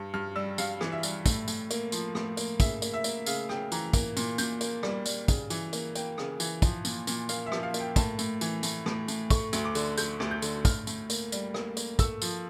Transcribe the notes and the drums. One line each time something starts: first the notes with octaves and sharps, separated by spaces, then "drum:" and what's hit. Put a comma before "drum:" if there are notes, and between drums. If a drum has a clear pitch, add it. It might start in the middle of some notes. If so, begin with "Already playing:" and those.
Already playing: G2
G2 F6
G3 E6
G2 F5, drum: tambourine
E3, drum: rim click
E5
G3, drum: tambourine
A2, drum: kick, tambourine
A2, drum: tambourine
A#3, drum: tambourine
F3, drum: tambourine
A2, drum: rim click
A#3, drum: tambourine
C#3 E5, drum: kick, tambourine
A#3, drum: tambourine
E5
A#3, drum: tambourine
C#3 F5, drum: tambourine
C#3 G5, drum: rim click
E3 A#5, drum: tambourine
A#3, drum: kick, tambourine
A#2, drum: tambourine
A#2 G6, drum: tambourine
A#3, drum: tambourine
G3, drum: rim click
G3, drum: tambourine
C#3, drum: kick, tambourine
E3, drum: tambourine
A#3, drum: tambourine
A#3 G5, drum: tambourine
C#3, drum: rim click
E3, drum: tambourine
F3, drum: kick, tambourine
A#2, drum: tambourine
A#2, drum: tambourine
A#3 F5, drum: tambourine
E5
F3, drum: rim click
F5
A#3, drum: tambourine
G5
A2 A5, drum: kick, tambourine
A2, drum: tambourine
E3, drum: tambourine
A2, drum: tambourine
A2, drum: rim click
A2, drum: tambourine
A3 C#6, drum: kick, tambourine
D2, drum: tambourine
D6
D3, drum: tambourine
A3 G6, drum: tambourine
D2, drum: rim click
G6
D3, drum: tambourine
A2 F6, drum: kick, tambourine
A2, drum: tambourine
A#3, drum: tambourine
G3, drum: tambourine
A#3, drum: rim click
A#3, drum: tambourine
A3 E6, drum: kick, tambourine
F3, drum: tambourine